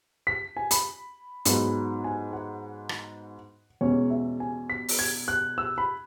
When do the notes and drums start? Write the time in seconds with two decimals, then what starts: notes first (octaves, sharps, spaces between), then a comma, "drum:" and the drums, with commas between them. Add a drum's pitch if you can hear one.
0.27 B6
0.57 G#5
0.71 B5, drum: hi-hat
1.45 G#2 F#3 B3, drum: hi-hat
2.04 G#5
2.33 F#5
2.89 drum: rim click
3.81 E2 B2 G#3 C#4 C#5
4.10 E5
4.40 G#5
4.70 B6
4.88 drum: open hi-hat
4.99 G#6
5.28 F#6
5.58 E6
5.78 B5